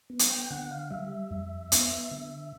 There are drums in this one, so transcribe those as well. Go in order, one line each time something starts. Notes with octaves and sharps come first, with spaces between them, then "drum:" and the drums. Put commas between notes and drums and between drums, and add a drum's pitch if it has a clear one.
B3
drum: hi-hat
G5
D3 F#5
F5
G3 E5
F2
B3, drum: hi-hat
D3